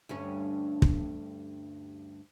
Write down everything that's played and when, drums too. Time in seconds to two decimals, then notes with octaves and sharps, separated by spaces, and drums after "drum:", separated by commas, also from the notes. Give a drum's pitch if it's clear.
0.09 D2 G2 C#4
0.82 drum: kick